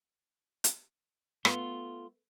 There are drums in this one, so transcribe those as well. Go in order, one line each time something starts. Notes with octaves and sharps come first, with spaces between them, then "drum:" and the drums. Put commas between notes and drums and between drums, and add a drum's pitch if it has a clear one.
drum: hi-hat
A3 B3 F4, drum: rim click